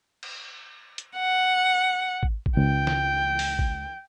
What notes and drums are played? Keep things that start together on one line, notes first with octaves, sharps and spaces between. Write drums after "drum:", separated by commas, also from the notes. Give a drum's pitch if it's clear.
drum: cymbal
drum: hi-hat
F#5
drum: kick G#1
drum: kick G#1
C#2 G5
drum: snare
drum: open hi-hat
drum: kick G#1